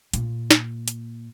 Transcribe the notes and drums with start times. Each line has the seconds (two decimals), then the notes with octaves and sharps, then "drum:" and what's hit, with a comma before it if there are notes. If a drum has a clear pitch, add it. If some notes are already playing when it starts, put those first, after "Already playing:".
0.13 A#2, drum: hi-hat
0.51 drum: snare
0.88 drum: hi-hat